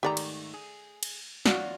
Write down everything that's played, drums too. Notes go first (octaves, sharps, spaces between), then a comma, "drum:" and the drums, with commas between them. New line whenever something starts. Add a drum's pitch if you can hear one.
G#2 D#3 A3 G4 D5 A#5
drum: cymbal
G#4
drum: cymbal
E2 F#3 D4 F4 F#4, drum: snare